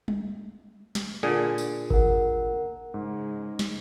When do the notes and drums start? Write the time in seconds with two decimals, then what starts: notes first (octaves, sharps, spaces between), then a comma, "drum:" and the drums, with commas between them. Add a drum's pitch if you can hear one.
0.08 drum: tom G3
0.95 drum: snare
1.23 A#2 D3 G#4
1.58 drum: tambourine
1.90 A#4 F#5, drum: kick G#1
2.94 G#2 C#3 G#3
3.59 drum: snare